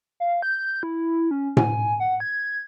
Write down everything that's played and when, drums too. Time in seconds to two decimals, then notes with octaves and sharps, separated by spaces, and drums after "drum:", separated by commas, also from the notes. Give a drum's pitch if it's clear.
0.20 F5
0.42 G6
0.83 E4
1.31 C#4
1.57 G#5, drum: tom A2
2.00 F#5
2.20 G#6